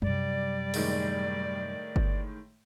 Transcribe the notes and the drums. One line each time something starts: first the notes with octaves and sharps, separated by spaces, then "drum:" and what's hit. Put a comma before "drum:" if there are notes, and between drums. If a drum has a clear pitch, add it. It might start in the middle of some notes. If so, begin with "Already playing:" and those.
F#2 C3 G3 D5, drum: tom
A2 D#3 G#3, drum: open hi-hat
drum: kick G1